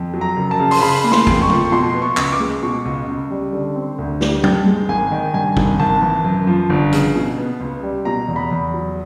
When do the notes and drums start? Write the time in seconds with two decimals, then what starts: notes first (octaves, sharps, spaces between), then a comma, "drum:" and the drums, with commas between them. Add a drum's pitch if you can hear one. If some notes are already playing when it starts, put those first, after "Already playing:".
Already playing: F2
0.14 F#3
0.21 A#5
0.37 F#1
0.51 A5
0.59 C#3
0.71 C6, drum: open hi-hat
0.81 C#3 B5
1.04 A#3
1.12 C6, drum: snare
1.27 F2, drum: kick
1.42 C#6
1.50 F3, drum: tom C#3
1.72 B2 C6
1.95 B3
2.02 C#6
2.17 C#2, drum: clap
2.32 D6
2.40 G#3
2.63 B2 C#6
2.85 C#2
3.08 C#2
3.31 G3
3.53 D3
3.76 C4
3.98 D2
4.21 G3, drum: snare
4.44 G2 G5, drum: tom F#3
4.66 G#3
4.89 G#1 G#5
5.12 D#3
5.34 G2 G#5
5.57 G#1, drum: kick
5.80 G#1 A5
6.02 E3
6.24 F#2
6.47 F3
6.70 G1
6.93 C#3, drum: hi-hat
7.15 B2
7.38 B3
7.60 C#2
7.83 G3
8.05 B2 A#5
8.28 E2
8.36 B5
8.51 E2
8.74 F#3